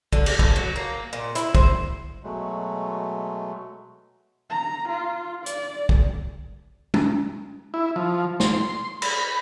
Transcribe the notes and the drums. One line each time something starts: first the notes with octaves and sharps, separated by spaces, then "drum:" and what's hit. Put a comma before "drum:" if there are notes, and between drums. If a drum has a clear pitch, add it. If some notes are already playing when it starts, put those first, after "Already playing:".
D3, drum: kick
G4, drum: cymbal
A2, drum: kick
F#3
A#3
A#2
E4, drum: hi-hat
C5, drum: kick
B2 F#3 G#3 A3
A#5
F4
D5, drum: hi-hat
drum: kick
drum: tom
E4
F3
C6, drum: snare
B5, drum: cymbal